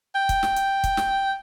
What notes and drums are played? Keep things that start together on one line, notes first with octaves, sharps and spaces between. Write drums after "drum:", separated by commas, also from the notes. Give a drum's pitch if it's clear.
G5
drum: kick, hi-hat
drum: snare
drum: hi-hat
drum: kick, hi-hat
drum: snare